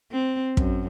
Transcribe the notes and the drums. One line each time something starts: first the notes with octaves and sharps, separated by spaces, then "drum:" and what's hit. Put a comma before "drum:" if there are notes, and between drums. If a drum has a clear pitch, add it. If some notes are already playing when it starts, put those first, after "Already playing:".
C4
F#2, drum: kick